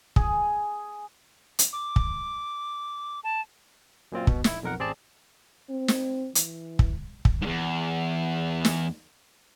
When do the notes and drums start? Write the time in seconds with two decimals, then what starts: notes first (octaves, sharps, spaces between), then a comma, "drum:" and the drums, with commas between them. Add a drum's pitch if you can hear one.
0.16 G#4, drum: kick
1.59 drum: hi-hat
1.73 D6
1.96 drum: kick
3.24 A5
4.12 F#2 A#2 C4 F4
4.27 B2, drum: kick
4.44 A#1 E4, drum: snare
4.62 B1 F2 A#4 F#5
4.79 A1 C4 G#4 D5 A5
5.69 C4
5.88 drum: snare
6.35 E3, drum: hi-hat
6.79 drum: kick
7.25 drum: kick
7.42 E2 G#2
8.65 drum: snare